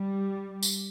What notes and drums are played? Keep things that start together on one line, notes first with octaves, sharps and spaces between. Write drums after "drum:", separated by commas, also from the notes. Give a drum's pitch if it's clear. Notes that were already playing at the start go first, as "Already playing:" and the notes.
Already playing: G3
drum: tambourine